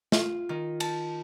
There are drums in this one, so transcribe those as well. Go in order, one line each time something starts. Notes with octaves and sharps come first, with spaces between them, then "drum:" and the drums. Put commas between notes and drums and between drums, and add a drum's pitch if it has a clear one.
F4, drum: snare
D#3
A5, drum: cymbal